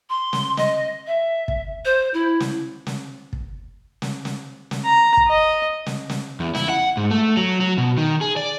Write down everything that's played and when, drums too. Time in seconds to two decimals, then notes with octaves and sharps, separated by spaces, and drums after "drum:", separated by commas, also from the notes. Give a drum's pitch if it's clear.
0.10 C6
0.33 drum: snare
0.57 D#5, drum: snare
1.07 E5
1.48 drum: kick
1.85 C5
2.14 E4
2.40 drum: snare
2.87 drum: snare
3.33 drum: kick
4.02 drum: snare
4.25 drum: snare
4.71 drum: snare
4.85 A#5
5.17 drum: kick
5.28 D#5
5.86 drum: snare
6.09 drum: snare
6.40 E2
6.55 E4, drum: snare
6.69 F#5
6.97 G#2
7.11 A3
7.37 F#3
7.61 F#3
7.78 B2
7.98 D#3
8.21 G#4
8.37 D5